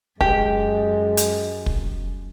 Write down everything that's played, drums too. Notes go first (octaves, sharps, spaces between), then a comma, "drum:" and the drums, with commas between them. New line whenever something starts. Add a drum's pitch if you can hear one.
F#2 G#3 G4, drum: kick
drum: hi-hat
drum: kick